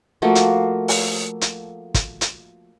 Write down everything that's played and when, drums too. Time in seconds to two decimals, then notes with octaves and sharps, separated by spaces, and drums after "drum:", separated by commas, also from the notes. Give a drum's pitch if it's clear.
0.22 F3 A3 A#3 F#4
0.35 drum: hi-hat
0.88 drum: open hi-hat
1.41 drum: hi-hat
1.94 drum: kick, hi-hat
2.21 drum: hi-hat